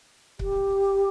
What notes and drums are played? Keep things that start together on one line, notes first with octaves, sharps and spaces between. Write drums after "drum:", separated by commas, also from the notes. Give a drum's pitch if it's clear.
G4, drum: kick C#1